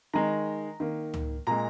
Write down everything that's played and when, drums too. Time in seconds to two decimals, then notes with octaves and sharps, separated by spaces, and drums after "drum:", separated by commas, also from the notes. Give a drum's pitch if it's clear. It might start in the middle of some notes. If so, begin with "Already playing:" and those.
0.13 D#3 G#3 A#5
0.80 D#3 A#3
1.14 drum: tom C#2
1.47 A#2 G#3 A#5